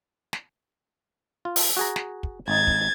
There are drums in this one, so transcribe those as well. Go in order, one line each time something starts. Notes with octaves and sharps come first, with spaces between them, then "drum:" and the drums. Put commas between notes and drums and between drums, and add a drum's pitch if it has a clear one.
drum: snare
F4
drum: open hi-hat
F#4 G#4 A#5
drum: snare
drum: kick
G#1 D#4 G#6 A6
drum: kick